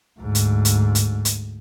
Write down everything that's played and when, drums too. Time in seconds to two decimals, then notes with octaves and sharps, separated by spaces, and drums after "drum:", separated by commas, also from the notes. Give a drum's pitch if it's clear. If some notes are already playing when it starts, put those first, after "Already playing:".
0.20 D2 G#2
0.35 drum: hi-hat
0.65 drum: hi-hat
0.95 drum: hi-hat
1.25 drum: hi-hat